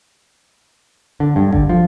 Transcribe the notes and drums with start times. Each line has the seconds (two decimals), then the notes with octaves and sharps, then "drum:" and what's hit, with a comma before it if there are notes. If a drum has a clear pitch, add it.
1.20 D3
1.36 G2
1.53 D3, drum: kick G#1
1.69 F3